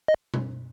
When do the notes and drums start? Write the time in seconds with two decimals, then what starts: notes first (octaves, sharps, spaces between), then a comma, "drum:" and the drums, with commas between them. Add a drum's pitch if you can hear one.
0.08 D#5
0.34 drum: tom B2